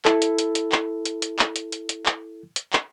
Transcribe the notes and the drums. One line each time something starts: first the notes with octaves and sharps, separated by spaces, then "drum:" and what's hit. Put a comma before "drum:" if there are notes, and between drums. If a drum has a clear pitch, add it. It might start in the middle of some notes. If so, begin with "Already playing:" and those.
E4 A4, drum: clap
drum: hi-hat
drum: hi-hat
drum: hi-hat
drum: clap
drum: hi-hat
drum: hi-hat
drum: clap
drum: hi-hat
drum: hi-hat
drum: hi-hat
drum: clap
drum: hi-hat
drum: clap